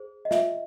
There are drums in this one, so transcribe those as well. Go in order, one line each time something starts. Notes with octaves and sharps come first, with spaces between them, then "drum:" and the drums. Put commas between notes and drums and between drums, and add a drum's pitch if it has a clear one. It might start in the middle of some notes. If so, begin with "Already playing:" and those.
Already playing: G#4 C5
D#5
F4 E5, drum: snare